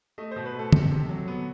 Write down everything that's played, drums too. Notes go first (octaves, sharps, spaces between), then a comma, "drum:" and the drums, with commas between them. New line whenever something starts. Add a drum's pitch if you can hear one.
A3 D#5
C5
B2
B4
A3 A4
C3, drum: tom
C3
F#3
B3